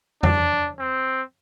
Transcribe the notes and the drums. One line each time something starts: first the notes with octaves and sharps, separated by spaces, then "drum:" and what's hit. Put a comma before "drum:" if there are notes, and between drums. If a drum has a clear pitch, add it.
D4, drum: tom F2
C4